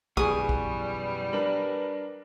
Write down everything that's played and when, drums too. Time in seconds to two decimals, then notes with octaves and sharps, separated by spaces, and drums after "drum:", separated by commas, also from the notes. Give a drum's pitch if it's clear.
0.17 F#2 B2 E3 G3 G#4 B4 C#6 D#6, drum: kick
0.49 drum: kick
1.33 D4 A#4 B4, drum: tom